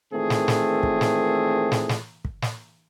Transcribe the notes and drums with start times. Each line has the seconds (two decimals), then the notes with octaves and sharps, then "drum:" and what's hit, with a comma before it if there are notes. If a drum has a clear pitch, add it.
0.12 A#2 D#3 E3 A3 C4 G#4
0.30 drum: snare
0.48 drum: snare
0.83 drum: kick
1.01 drum: snare
1.72 drum: snare
1.89 drum: snare
2.25 drum: kick
2.42 drum: snare